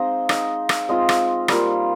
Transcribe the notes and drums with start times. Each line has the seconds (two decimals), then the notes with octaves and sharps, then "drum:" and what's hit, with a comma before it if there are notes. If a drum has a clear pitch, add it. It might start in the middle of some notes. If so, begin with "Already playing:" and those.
Already playing: G#3 C4 D#4 D#5 F5
0.29 G#3 D#4 D#5, drum: rim click
0.69 drum: rim click
0.89 G#3 C4 F4 D#5
1.09 drum: rim click
1.48 G3 A#3 F4, drum: rim click